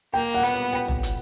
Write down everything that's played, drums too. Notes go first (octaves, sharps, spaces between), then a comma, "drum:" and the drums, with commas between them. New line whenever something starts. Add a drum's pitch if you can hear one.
A#3 G5
F#5
B3, drum: hi-hat
F#5
G5
drum: tom
drum: hi-hat